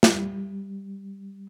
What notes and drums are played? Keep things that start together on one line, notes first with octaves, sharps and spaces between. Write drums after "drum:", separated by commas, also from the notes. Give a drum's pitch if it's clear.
G3, drum: snare